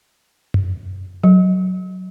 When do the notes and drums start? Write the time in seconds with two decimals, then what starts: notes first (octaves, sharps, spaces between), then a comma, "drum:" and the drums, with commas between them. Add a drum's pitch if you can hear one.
0.54 drum: tom F#2
1.24 F#3